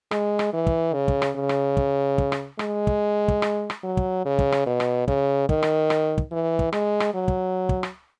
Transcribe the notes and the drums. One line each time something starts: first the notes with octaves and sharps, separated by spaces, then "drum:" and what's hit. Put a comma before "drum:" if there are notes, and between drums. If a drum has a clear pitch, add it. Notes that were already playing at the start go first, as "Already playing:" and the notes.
G#3, drum: rim click
drum: rim click
E3
drum: kick
C#3
drum: kick
drum: rim click
C#3
drum: rim click
drum: kick
drum: kick
drum: rim click
G#3, drum: rim click
drum: kick
drum: kick
drum: rim click
drum: rim click
F#3
drum: kick
C#3
drum: kick
drum: rim click
B2
drum: rim click
C#3, drum: kick
D#3, drum: kick
drum: rim click
drum: rim click
drum: kick
E3
drum: kick
G#3, drum: rim click
drum: rim click
F#3
drum: kick
drum: kick
drum: rim click